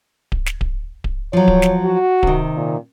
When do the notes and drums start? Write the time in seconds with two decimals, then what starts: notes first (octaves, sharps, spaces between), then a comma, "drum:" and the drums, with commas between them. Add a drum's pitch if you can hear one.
0.32 drum: kick D1
0.46 drum: snare
0.61 drum: kick D1
1.04 drum: kick D1
1.33 F3 F#3 C#5
1.48 drum: kick D1
1.62 drum: snare
1.85 F#4
2.23 C3 D#3, drum: kick D1
2.56 A#2